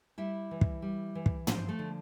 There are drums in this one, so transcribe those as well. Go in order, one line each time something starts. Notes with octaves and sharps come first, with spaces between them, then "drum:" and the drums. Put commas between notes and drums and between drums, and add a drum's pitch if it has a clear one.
G3 E4 E5
E3
drum: kick
G3
E3
drum: kick
F3 C4 C5, drum: tom
A3 A4
D3